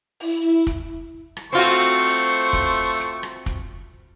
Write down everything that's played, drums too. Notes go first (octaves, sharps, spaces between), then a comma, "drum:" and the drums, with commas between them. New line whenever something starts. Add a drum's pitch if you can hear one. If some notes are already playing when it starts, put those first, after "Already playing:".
E4, drum: open hi-hat
drum: kick, hi-hat
drum: rim click
A3 C4 F4 F#4 C5 C#6
drum: open hi-hat
drum: kick, hi-hat
drum: hi-hat
drum: rim click
drum: kick, hi-hat